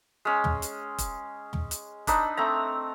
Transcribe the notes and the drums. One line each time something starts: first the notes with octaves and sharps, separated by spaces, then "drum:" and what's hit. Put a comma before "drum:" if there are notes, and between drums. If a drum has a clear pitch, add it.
G#3 C#4
drum: tom
drum: hi-hat
drum: kick E1, hi-hat
drum: tom
drum: hi-hat
D4 D#4 B4 E6, drum: kick E1, hi-hat
A3 C4 A#5